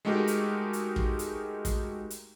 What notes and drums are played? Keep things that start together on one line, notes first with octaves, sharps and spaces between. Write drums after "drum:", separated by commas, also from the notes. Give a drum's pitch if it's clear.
G#3 A3 D#4 F#4 G4 A#4
drum: hi-hat
drum: hi-hat
drum: kick
drum: hi-hat
drum: kick, hi-hat
drum: hi-hat